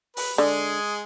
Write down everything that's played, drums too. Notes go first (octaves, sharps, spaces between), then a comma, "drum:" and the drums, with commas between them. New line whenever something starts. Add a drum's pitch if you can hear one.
B4, drum: open hi-hat
D3 G#3 G#4